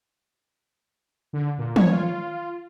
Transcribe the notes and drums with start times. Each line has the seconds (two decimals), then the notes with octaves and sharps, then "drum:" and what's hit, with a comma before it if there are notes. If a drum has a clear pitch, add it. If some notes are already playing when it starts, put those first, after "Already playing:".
1.33 D3
1.58 A#2
1.76 C#5, drum: tom
1.90 F4